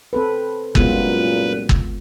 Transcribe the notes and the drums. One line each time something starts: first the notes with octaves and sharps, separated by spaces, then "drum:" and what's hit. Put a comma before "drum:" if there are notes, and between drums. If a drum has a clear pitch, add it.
C4 A4 B4
C2 F#2 A#2 G#3 B3 F4 B4, drum: kick G1
drum: kick G1